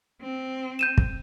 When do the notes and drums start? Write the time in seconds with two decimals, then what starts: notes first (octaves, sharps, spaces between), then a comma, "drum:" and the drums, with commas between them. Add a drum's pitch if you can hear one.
0.22 C4
0.79 G6 D#7 E7
0.98 drum: kick